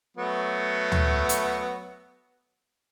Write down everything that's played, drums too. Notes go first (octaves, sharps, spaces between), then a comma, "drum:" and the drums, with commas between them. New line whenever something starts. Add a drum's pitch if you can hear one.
F#3 A3 B3
drum: tom D2
drum: hi-hat